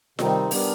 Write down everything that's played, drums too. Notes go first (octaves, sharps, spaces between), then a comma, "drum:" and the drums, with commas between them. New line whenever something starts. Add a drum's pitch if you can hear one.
C3 D#3 G3 C4 D#4, drum: snare F4
G3 B3 D4 G4 A#4, drum: open hi-hat